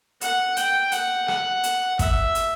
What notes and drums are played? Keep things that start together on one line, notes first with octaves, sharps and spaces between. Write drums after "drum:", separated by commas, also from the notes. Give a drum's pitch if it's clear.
F#5, drum: hi-hat
G5, drum: hi-hat
F#5, drum: hi-hat
F#5, drum: rim click
drum: hi-hat
E5, drum: kick, hi-hat
drum: hi-hat